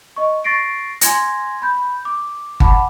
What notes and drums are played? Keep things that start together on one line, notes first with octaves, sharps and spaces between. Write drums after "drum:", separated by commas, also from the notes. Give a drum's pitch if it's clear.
D#5 C#6
C#6 A6 A#6 C7 D7
G#5 C6 G#6 A#6, drum: hi-hat
B5 G6
D6
F#5 A5 B5 D6, drum: kick G1